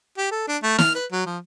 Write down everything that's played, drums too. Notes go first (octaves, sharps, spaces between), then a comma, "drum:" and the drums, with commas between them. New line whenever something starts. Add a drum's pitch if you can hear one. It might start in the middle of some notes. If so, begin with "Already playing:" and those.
G4
A4
D4
A3
F6, drum: snare
B4
F#3
F3